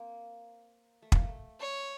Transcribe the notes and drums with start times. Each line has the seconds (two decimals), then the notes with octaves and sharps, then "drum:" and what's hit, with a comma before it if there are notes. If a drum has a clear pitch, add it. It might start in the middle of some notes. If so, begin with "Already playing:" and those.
Already playing: A#3 C4
1.02 A3
1.12 A#3, drum: kick
1.21 A3
1.60 C#5